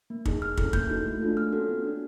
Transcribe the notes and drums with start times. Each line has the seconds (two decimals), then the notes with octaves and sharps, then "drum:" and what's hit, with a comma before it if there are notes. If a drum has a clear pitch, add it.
0.10 A#3
0.25 D#4 G#4, drum: kick
0.41 A#3 F6
0.57 C#4 E4 A4, drum: kick
0.73 A#3 G6, drum: kick
0.89 D#4 F#4 A4
1.06 A3
1.21 D4 F4 A4
1.37 A#3 F6
1.52 C#4 F#4 A4
1.69 B3
1.84 D4 F#4